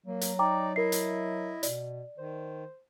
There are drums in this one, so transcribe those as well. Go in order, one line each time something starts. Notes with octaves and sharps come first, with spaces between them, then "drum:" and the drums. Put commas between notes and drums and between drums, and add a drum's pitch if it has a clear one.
F#3 A#3
drum: hi-hat
D#4 D5 G5 A#5 D6
E4 A#4 D#5 E5 C7
drum: hi-hat
B2 D5, drum: hi-hat
D#3 C5